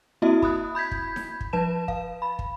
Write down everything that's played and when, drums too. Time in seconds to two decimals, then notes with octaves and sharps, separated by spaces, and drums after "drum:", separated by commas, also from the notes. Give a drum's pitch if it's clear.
0.22 A#3 C4 E4 F#4 D#5 E5
0.42 B5 D#6 F#6, drum: kick
0.75 B5 G6 G#6 B6
0.91 drum: kick
1.16 drum: snare D#4
1.41 drum: kick
1.53 F3 B4 A5 E7
1.88 F5, drum: kick
2.22 B5
2.39 drum: kick